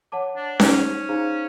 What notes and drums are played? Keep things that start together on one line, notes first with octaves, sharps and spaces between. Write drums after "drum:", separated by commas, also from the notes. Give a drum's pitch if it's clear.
C#5 F#5 A5 D6
D4
C#4 D#4 G4 C5, drum: snare C#4
D#4 G#4 C5 F5 A#5